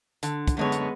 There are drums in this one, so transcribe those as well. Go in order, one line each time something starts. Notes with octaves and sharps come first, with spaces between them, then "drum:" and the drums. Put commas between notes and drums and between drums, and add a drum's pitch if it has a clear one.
D3, drum: hi-hat
drum: kick, hi-hat
F#2 D3 G#3 B3 C#5
drum: hi-hat